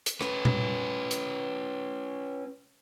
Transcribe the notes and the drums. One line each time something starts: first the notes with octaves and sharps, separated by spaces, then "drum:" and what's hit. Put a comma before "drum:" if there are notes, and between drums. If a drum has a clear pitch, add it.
drum: hi-hat
C#4 B4, drum: rim click
drum: tom A#2
drum: hi-hat